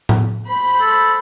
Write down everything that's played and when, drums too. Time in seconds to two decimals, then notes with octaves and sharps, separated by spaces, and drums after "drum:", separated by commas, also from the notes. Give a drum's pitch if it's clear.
0.09 drum: tom A2
0.47 C5 B5
0.81 A4